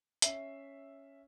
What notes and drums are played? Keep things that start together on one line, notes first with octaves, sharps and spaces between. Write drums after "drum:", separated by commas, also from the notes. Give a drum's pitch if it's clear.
C#4 E5 C7, drum: hi-hat